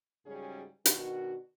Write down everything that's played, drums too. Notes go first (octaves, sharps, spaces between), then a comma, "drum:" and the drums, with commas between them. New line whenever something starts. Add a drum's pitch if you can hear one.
G#2 C#3 F#3 G3 C#4 G#4
B2 D#3 D4 F#4, drum: hi-hat